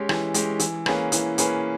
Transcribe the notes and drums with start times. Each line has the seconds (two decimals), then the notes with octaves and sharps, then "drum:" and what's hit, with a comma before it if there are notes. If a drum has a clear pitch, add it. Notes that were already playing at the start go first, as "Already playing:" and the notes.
Already playing: G#3 C#4 G4
0.09 E3, drum: rim click
0.34 G#3 C#4 G4, drum: hi-hat
0.60 E3, drum: hi-hat
0.86 A#3 C#4 G#4 B4, drum: rim click
1.12 E3, drum: hi-hat
1.38 A#3 C#4 G#4 B4, drum: hi-hat